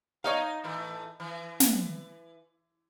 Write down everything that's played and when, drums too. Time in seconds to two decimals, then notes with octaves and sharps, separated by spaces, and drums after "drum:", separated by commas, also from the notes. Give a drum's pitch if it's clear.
0.24 D#4 C#5 D#5 F5
0.64 A2 E3 A3
1.20 E3
1.60 drum: snare